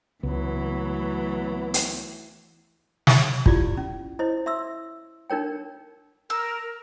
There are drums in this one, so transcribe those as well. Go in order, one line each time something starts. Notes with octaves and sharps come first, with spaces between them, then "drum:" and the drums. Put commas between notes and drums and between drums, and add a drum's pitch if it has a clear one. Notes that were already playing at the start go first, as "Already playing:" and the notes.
C#2 E3 F#3 A3 B3
drum: hi-hat
drum: snare
E4 F4 G4 D5, drum: kick
C#4
E4 C5 C#5 D#5
E5 C6 E6
D4 D#4 A#4 C#5 G5
A#4 E6